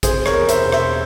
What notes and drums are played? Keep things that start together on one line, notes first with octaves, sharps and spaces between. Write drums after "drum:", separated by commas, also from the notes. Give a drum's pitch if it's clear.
C3 G#4 C5, drum: kick, hi-hat
A#4 C#5, drum: rim click
E2
C5 E5, drum: hi-hat
E1
C5 E5, drum: rim click